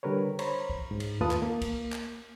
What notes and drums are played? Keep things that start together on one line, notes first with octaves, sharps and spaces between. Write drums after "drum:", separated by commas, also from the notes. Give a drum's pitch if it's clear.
D3 G3 A#4 B4 C#5
C5 C#5 A#5 B5, drum: cymbal
drum: kick
G#2
drum: cymbal
D#2 A3 F4 B4 A5 D#6
drum: clap
A#3
drum: kick, cymbal
drum: clap